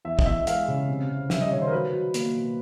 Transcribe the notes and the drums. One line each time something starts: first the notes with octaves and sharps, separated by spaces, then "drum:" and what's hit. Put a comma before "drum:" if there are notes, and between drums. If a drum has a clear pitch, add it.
E2 E5
D#5, drum: kick
E2 E5
G#3 F5, drum: hi-hat
C#3
C3
C3
G3 E5, drum: snare
D#5
D#3 C#5
C5
A#4
F#3 B4
F#3
A#3, drum: hi-hat
B2